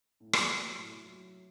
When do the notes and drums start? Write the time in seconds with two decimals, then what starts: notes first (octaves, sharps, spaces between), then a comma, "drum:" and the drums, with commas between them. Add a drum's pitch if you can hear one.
0.20 A2
0.33 drum: rim click
0.48 F#3
0.77 A2
1.05 F#3